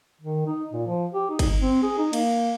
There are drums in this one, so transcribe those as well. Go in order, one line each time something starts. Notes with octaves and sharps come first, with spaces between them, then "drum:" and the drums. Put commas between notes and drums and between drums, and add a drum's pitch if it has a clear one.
D#3
D#4
A#2
F3
G4
D#4
drum: kick G1, cymbal
C4
G#4
D#4
A#3, drum: cymbal